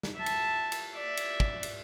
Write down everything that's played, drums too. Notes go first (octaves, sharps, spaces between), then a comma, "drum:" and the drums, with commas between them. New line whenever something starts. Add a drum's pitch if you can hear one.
drum: snare
E5 A5
drum: cymbal
drum: cymbal
D5 E5
drum: cymbal
drum: kick
drum: cymbal